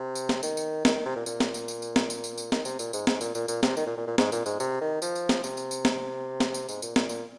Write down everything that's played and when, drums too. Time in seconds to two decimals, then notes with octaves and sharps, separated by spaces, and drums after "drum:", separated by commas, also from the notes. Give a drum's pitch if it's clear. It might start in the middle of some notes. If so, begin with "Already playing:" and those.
Already playing: C3
0.15 drum: tambourine
0.29 drum: snare
0.43 D#3, drum: tambourine
0.57 drum: tambourine
0.85 D#3, drum: snare
0.95 D#3
1.06 C3
1.16 A#2
1.26 A#2, drum: tambourine
1.40 drum: snare
1.54 drum: tambourine
1.68 drum: tambourine
1.82 drum: tambourine
1.96 drum: snare
2.10 drum: tambourine
2.24 drum: tambourine
2.38 drum: tambourine
2.52 D#3, drum: snare
2.65 C3, drum: tambourine
2.79 A#2, drum: tambourine
2.93 G#2, drum: tambourine
3.07 G#2, drum: snare
3.21 A#2, drum: tambourine
3.35 A#2, drum: tambourine
3.48 A#2, drum: tambourine
3.63 C3, drum: snare
3.77 D#3, drum: tambourine
3.86 A#2
3.97 A#2
4.07 A#2
4.18 G#2, drum: snare
4.32 A#2, drum: tambourine
4.46 G#2, drum: tambourine
4.60 C3, drum: tambourine
4.81 D#3
5.02 F3, drum: tambourine
5.15 drum: tambourine
5.29 drum: snare
5.44 C3, drum: tambourine
5.57 drum: tambourine
5.71 drum: tambourine
5.85 drum: snare
6.40 drum: snare
6.54 drum: tambourine
6.69 G#2, drum: tambourine
6.82 A#2, drum: tambourine
6.96 A#2, drum: snare
7.09 A#2, drum: tambourine